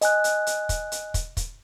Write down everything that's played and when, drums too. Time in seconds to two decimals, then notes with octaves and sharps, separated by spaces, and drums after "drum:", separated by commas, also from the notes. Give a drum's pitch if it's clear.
0.01 D#5 G#5 F#6, drum: hi-hat
0.24 drum: hi-hat
0.47 drum: hi-hat
0.69 drum: kick, hi-hat
0.92 drum: hi-hat
1.14 drum: kick, hi-hat
1.37 drum: kick, hi-hat